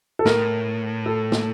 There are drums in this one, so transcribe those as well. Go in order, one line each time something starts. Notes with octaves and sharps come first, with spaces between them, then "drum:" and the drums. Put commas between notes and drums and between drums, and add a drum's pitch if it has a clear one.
A4
A2 A#4, drum: snare
A4
drum: snare